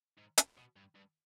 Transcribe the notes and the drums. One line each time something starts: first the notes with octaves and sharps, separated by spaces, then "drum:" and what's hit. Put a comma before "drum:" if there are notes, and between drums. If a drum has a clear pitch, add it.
G#2
drum: hi-hat
B2
G2
G2